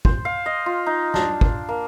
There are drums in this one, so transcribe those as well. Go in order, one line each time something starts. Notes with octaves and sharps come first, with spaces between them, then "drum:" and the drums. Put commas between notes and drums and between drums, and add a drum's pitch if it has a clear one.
C5, drum: kick
F5
D#5
F4
D#4
D4, drum: snare
drum: kick
A#3